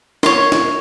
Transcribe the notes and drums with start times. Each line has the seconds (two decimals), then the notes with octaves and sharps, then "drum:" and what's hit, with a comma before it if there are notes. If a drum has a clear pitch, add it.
0.23 C#5 C6, drum: snare
0.52 drum: snare